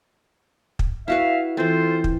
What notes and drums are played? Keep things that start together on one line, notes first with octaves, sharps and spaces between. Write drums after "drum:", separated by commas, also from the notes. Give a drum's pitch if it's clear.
drum: kick
E4 F#4 B4 E5 F5
E3 C4 F4 A4 C5
drum: kick